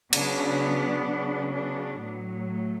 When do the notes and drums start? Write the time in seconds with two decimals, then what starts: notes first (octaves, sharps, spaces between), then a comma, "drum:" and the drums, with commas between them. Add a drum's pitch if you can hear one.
0.13 C#3 F#3 B3 D4, drum: cymbal
1.08 C#3 F#3
1.54 B3 D4
2.01 A2 F#3
2.48 A3